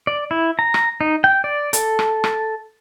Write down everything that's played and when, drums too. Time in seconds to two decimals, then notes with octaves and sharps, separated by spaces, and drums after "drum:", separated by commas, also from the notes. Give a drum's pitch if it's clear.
0.07 D5
0.31 E4
0.59 A#5
0.74 drum: rim click
1.01 D#4
1.24 G5
1.44 D5
1.73 A4, drum: hi-hat
1.99 drum: rim click
2.24 drum: rim click